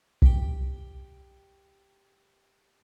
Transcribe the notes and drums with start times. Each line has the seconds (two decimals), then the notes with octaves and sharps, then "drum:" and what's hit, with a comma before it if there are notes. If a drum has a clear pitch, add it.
0.22 G4 G5, drum: kick B1